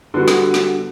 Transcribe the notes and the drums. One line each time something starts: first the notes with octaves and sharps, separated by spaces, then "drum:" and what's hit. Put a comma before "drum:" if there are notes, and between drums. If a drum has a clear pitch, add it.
D3 G3 B3 F#4 B4
drum: snare
drum: snare